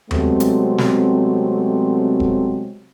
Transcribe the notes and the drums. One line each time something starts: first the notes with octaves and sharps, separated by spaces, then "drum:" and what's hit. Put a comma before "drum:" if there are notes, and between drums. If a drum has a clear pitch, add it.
C3 F#3 G#3 A3 B3 C4, drum: tom D#2
drum: hi-hat
drum: snare
drum: kick E1